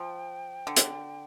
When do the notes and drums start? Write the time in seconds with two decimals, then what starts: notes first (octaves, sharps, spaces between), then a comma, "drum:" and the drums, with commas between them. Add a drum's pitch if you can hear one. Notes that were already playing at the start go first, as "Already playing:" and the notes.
Already playing: F3 G5
0.67 D3
0.76 drum: hi-hat